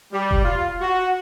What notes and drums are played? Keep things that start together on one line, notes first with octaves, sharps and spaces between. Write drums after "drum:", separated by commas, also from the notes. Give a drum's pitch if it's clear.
G3
drum: kick E1
F4
F#4